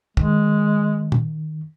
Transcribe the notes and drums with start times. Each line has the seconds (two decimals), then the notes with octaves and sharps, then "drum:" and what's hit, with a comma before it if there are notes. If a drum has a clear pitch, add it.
0.17 D#3 G#3, drum: kick
1.12 drum: tom